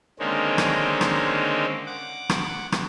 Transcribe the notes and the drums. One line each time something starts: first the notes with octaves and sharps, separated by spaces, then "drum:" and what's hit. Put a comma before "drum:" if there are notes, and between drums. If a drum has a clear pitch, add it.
D3 D#3 G#3 A#3 C4 C#4
drum: rim click
drum: rim click
F#5 D6
drum: rim click
drum: rim click